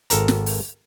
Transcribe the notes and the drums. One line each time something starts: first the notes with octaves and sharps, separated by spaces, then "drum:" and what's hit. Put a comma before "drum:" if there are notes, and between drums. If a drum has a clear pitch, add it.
G#1 A4 A#4 A#5, drum: hi-hat
drum: snare
drum: open hi-hat